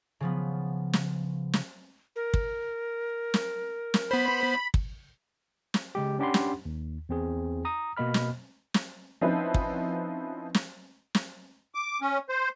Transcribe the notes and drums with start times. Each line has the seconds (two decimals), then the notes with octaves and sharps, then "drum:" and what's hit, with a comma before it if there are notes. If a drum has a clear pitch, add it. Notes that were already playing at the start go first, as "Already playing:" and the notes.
0.20 C#3 F3 B3
0.93 drum: snare
1.53 drum: snare
2.16 A#4
2.34 drum: kick
3.34 drum: snare
3.94 drum: snare
4.11 B3 C5 B5
4.74 drum: kick
5.74 drum: snare
5.95 C#3 G#3 G4
6.19 C#4 D4 G4 F#5 B5 C6
6.34 drum: snare
6.65 D#2
7.09 E2 C4 G#4
7.65 A#5 D#6
7.97 B2 A#3 D#5 B5 F6
8.14 drum: snare
8.74 drum: snare
9.21 F3 C4 C#4 D#4 E4 B4
9.54 drum: kick
10.54 drum: snare
11.15 drum: snare
11.75 D6
12.01 C#4
12.29 C5